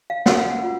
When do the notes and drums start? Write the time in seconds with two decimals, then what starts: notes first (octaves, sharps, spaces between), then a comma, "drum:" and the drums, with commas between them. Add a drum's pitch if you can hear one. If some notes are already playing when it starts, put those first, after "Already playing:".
0.10 F5
0.26 C#4 F#4 C#5 F#5, drum: snare
0.37 F5
0.50 F#5
0.59 F4 B4